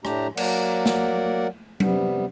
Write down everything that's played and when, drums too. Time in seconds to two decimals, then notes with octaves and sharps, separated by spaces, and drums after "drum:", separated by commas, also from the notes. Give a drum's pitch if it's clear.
0.05 A2 A3 D4 G4 A#5, drum: rim click
0.37 F#3 A#3 A#4 D5 F#5, drum: cymbal
0.86 drum: snare
1.80 C3 G3 B3, drum: tom F#3